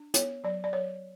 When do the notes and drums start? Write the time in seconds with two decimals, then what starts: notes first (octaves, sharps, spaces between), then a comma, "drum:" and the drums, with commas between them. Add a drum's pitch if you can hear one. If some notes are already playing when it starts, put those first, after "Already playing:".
Already playing: D4
0.14 B3 C#5, drum: hi-hat
0.44 F#3 D5
0.64 D5
0.73 F#3 C#5